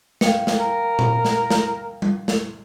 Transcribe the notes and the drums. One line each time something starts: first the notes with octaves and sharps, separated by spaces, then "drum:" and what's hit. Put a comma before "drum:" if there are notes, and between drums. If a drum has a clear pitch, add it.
F5 G5 C#7, drum: snare
drum: snare
A#4
drum: tom A#2
drum: snare
drum: snare
drum: tom G3
drum: snare